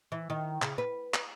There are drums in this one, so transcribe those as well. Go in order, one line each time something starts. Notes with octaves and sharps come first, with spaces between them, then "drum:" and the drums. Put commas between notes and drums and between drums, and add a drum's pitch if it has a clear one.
E3
D#3
C#3, drum: clap
B4
drum: clap